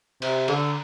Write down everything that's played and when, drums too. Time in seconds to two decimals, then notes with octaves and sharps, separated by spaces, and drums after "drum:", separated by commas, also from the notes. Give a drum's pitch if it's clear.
0.22 C3, drum: cymbal
0.48 D3, drum: cymbal